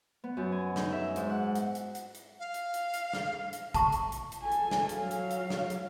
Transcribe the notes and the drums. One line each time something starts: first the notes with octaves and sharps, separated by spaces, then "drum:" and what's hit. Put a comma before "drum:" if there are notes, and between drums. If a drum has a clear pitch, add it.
B3
F#2
G#5
D#4, drum: snare
E5
G#2, drum: hi-hat
F#5
drum: hi-hat
drum: hi-hat
drum: hi-hat
drum: hi-hat
F5
drum: hi-hat
drum: hi-hat
drum: hi-hat
drum: snare
drum: hi-hat
A5 A#5 C#6, drum: kick G#1, hi-hat
drum: hi-hat
drum: hi-hat
drum: hi-hat
A4 G#5
drum: hi-hat
drum: snare
F#3 F5, drum: hi-hat
drum: hi-hat
drum: hi-hat
drum: snare
drum: hi-hat